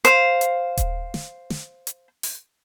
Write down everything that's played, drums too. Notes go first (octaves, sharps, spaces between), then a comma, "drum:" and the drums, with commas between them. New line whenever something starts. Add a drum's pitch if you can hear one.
C5 F5, drum: hi-hat
drum: hi-hat
drum: kick D#1, hi-hat
drum: snare
drum: snare
drum: hi-hat
drum: open hi-hat